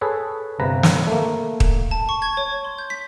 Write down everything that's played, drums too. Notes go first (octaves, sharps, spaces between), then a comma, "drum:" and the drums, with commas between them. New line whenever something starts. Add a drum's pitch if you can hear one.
G#4 A4 B4 C#5
G1 C3 B4 A#5
drum: snare
A3 A#3
drum: kick
A5
C#6
G#6
C#5
C6
G6
B6